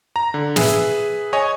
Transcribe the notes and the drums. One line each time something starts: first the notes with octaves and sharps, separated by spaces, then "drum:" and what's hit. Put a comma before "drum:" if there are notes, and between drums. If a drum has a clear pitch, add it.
A#5
D3
G#4 B4 E5, drum: snare
C#5 D#5 G#5